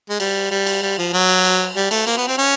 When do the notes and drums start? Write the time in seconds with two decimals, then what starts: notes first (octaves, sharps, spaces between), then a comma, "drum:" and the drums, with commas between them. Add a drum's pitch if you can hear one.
0.09 G#3
0.20 G3, drum: cymbal
0.51 G3
0.67 drum: cymbal
0.82 G3
0.98 F3
1.13 F#3
1.29 drum: cymbal
1.45 drum: cymbal
1.76 G3
1.91 A3, drum: cymbal
2.07 A#3, drum: cymbal
2.17 B3
2.27 C4
2.38 C#4